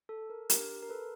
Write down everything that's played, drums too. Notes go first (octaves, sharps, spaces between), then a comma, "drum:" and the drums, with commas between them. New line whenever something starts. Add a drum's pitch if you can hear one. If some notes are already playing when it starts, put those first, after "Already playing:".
A4
A#4
D4 G4 A#4, drum: hi-hat
A#4
A4 B4